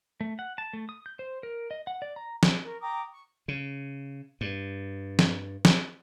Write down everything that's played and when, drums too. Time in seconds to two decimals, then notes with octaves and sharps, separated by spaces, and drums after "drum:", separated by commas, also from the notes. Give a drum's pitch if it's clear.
0.21 A3
0.39 F#5
0.58 A5
0.73 A3
0.89 D#6
1.06 G6
1.19 C5
1.43 A#4
1.71 D#5
1.87 F#5
2.02 D5
2.16 A#5
2.43 drum: snare
2.65 A#4 C#6
2.81 G5 A#5 D6 D#6
3.12 C#6
3.48 C#3
4.41 G2
5.19 drum: snare
5.65 drum: snare